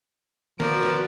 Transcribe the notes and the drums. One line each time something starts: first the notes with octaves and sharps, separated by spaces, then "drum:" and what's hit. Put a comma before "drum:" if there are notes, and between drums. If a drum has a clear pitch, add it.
F3 F#4 A#4 B4 D5, drum: snare
drum: snare